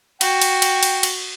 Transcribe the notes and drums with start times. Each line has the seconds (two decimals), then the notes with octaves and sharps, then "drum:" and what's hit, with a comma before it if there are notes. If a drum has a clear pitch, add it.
0.21 F#4 G5, drum: cymbal
0.41 drum: cymbal
0.62 drum: cymbal
0.83 drum: cymbal
1.03 drum: cymbal